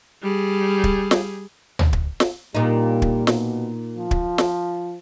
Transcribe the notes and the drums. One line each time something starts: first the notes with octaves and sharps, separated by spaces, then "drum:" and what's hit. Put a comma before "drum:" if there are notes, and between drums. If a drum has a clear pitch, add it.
G3 G#4
drum: kick
drum: snare
drum: tom
drum: kick
drum: snare
A#2 G3 D#4
drum: kick
B2, drum: snare
F3
drum: kick
drum: snare